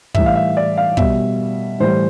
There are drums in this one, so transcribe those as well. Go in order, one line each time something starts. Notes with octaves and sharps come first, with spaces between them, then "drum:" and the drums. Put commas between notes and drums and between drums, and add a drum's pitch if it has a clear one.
A2 E3 G3 E5, drum: kick
F5
E5
D5
F5
B2 G3 E5, drum: kick
A2 E3 G3 C5